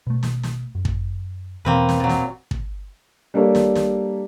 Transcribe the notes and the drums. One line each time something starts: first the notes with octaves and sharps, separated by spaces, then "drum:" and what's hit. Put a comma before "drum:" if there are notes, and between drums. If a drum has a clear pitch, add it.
B2 A3
drum: snare
drum: snare
F#2
drum: kick
E2 B2 E3 A#3 C4 B4
drum: snare
A#2 F#3
drum: snare
drum: kick
G3 A#3 D4 A4 C#5
drum: snare
drum: snare